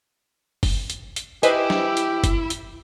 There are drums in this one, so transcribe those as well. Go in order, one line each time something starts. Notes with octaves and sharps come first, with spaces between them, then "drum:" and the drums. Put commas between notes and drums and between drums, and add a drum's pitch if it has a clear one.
drum: kick, open hi-hat
drum: hi-hat
drum: hi-hat
E4 G4 B4 C5 D#5 G#5, drum: hi-hat
drum: snare
drum: hi-hat
drum: kick, hi-hat
drum: hi-hat